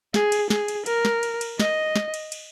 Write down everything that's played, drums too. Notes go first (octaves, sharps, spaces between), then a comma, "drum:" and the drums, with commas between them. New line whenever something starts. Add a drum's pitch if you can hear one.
G#4, drum: snare
drum: cymbal
G#4, drum: snare
drum: cymbal
A#4, drum: cymbal
drum: snare
drum: cymbal
drum: cymbal
D#5, drum: snare
drum: snare
drum: cymbal
drum: cymbal